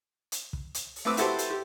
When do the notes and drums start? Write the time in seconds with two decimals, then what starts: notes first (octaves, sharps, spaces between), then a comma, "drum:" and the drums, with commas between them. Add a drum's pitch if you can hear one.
0.32 drum: hi-hat
0.53 drum: kick
0.74 drum: hi-hat
0.96 drum: open hi-hat
1.05 A3 C4 B4 D6 E6
1.17 E4 F#4 G4 A4 B4 C5, drum: hi-hat
1.38 drum: hi-hat
1.50 G4